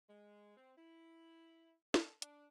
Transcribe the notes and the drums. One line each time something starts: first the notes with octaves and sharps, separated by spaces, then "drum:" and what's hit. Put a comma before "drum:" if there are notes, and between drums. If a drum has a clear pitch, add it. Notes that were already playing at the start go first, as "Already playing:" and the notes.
G#3
C4
E4
A4, drum: snare
D4, drum: hi-hat